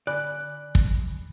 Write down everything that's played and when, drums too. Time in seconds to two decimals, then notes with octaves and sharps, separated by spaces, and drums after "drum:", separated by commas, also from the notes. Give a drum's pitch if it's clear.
0.07 D3 D5 G#5 B5 F#6
0.75 drum: kick